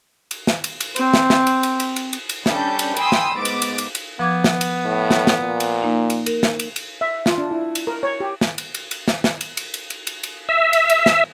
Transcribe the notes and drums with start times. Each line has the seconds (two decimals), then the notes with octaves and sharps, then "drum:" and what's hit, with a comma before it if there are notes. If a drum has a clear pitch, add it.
0.31 drum: cymbal
0.47 drum: snare
0.64 drum: cymbal
0.80 drum: cymbal
0.96 C4, drum: cymbal
1.14 drum: snare
1.30 drum: snare
1.47 drum: cymbal
1.63 drum: cymbal
1.80 drum: cymbal
1.96 drum: cymbal
2.13 drum: cymbal
2.29 drum: cymbal
2.46 G3 C#4 D4 A4 G6, drum: snare
2.79 drum: cymbal
2.96 G5 G#5 B5 C6 D#6 E6, drum: cymbal
3.12 drum: snare
3.35 G#2 B3 D6 A6
3.45 drum: cymbal
3.62 drum: cymbal
3.78 drum: cymbal
3.95 drum: cymbal
4.19 F3 B3 D6 G#6
4.44 drum: snare
4.61 drum: cymbal
4.85 A2
5.11 drum: snare
5.27 drum: snare
5.40 A#2
5.60 drum: cymbal
5.83 A#3 D#4
6.10 drum: cymbal
6.26 A#4, drum: cymbal
6.43 drum: snare
6.59 drum: cymbal
6.76 drum: cymbal
7.01 E5
7.26 F4, drum: snare
7.38 D4
7.51 E4
7.75 drum: cymbal
7.87 A#4
8.03 C#5
8.20 G4
8.41 drum: snare
8.58 drum: cymbal
8.74 drum: cymbal
8.91 drum: cymbal
9.08 drum: snare
9.24 drum: snare
9.41 drum: cymbal
9.57 drum: cymbal
9.74 drum: cymbal
9.90 drum: cymbal
10.07 drum: cymbal
10.23 drum: cymbal
10.49 E5
10.73 drum: cymbal
10.90 drum: cymbal
11.06 drum: snare